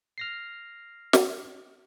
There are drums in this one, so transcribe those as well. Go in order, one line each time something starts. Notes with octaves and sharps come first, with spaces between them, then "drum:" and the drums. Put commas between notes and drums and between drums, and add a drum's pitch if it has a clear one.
F6 A#6 C7
drum: snare